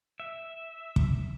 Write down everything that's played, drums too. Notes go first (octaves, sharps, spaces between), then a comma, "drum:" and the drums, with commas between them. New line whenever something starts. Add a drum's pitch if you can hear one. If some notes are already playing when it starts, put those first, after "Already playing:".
E5
drum: kick